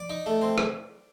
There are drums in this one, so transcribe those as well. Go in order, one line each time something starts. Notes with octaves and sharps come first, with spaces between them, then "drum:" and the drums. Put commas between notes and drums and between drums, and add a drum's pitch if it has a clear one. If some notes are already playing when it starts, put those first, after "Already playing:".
Already playing: D5
D#4
A3
C4
drum: rim click